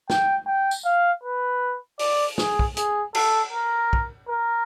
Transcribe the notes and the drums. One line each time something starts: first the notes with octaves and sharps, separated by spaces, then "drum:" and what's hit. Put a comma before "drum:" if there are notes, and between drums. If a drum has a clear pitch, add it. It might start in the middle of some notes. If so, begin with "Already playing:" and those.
G5, drum: snare
G5
drum: tambourine
F5
B4
D5, drum: open hi-hat
G#4, drum: snare
drum: kick
G#4, drum: hi-hat
A4, drum: cymbal
A#4
drum: kick
A#4